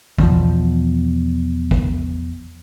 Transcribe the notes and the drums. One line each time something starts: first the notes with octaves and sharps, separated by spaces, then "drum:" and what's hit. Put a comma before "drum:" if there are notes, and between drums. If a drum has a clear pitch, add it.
E2 B2 F3, drum: kick
drum: kick